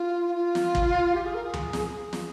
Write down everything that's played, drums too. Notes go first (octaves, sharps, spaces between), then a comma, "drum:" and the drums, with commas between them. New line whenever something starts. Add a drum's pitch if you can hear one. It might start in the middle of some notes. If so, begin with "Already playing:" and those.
Already playing: F4
F4
drum: snare
drum: kick
G4
G#4
A#4
G#4
drum: tom D2
drum: snare
G#4
drum: snare